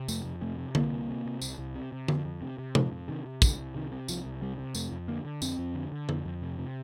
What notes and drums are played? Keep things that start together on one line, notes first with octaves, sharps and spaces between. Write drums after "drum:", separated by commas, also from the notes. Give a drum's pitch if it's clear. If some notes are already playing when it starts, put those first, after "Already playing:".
Already playing: C3
F2 A3, drum: tambourine
F2
C3 A3
C3
C2 A#3, drum: tom D3
C2
C3
C3
C2, drum: tambourine
C2
C3
C3
F2, drum: tom D3
F2
C3
C3
F2 F3, drum: tom C3
F2
C3 D#3
C3
C2 D3, drum: kick, tambourine
C2
C3 D#3
C3
C2 F3, drum: tambourine
C2
C3 G3
C3
F2 A3, drum: tambourine
F2
D3 A#3
D3
F2 C4, drum: tambourine
F2
D3
D3
F2, drum: tom D3
F2
C3
C3